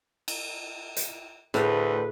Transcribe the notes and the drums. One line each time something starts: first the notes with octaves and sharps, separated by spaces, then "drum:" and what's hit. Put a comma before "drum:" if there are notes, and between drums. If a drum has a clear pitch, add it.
drum: cymbal
drum: hi-hat
D2 A2 G#4 B4, drum: snare